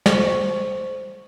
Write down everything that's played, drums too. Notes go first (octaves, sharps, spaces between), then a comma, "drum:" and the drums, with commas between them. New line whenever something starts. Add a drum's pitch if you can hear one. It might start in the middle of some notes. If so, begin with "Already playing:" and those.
C5 C#6, drum: snare